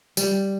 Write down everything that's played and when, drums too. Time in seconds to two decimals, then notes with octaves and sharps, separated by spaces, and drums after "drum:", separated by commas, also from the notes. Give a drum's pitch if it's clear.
0.17 G3, drum: tambourine